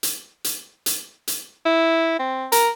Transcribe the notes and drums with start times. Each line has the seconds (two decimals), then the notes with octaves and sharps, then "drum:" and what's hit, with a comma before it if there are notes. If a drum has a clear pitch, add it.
0.03 drum: hi-hat
0.44 drum: hi-hat
0.86 drum: hi-hat
1.28 drum: hi-hat
1.66 E4
2.19 C4
2.52 A#4, drum: hi-hat